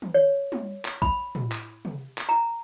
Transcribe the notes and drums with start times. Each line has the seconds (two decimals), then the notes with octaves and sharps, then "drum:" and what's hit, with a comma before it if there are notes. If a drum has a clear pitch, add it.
0.02 drum: tom D#3
0.14 C#5
0.52 drum: tom
0.85 drum: clap
1.02 B5, drum: kick A#1
1.35 drum: tom
1.52 drum: clap
1.85 drum: tom
2.18 drum: clap
2.29 A#5